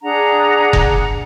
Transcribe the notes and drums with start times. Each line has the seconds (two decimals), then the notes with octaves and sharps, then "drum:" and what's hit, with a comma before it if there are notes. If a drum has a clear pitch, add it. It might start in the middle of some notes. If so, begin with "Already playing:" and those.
0.02 D4 G#4 F#5 A#5
0.73 drum: kick F1